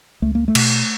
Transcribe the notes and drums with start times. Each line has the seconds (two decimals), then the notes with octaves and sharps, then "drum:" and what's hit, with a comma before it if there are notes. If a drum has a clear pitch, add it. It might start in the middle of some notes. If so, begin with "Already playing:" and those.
0.22 C#2 A3
0.35 A#3
0.48 A3
0.55 B2, drum: cymbal